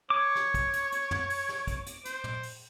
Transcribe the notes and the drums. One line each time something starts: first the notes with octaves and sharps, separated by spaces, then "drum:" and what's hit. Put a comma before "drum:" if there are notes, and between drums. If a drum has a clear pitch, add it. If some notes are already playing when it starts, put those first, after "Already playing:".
C#5 D6
drum: rim click
drum: kick, hi-hat
drum: hi-hat
drum: hi-hat
drum: tom
drum: open hi-hat
drum: rim click
drum: kick, hi-hat
drum: hi-hat
C5, drum: hi-hat
drum: tom
drum: open hi-hat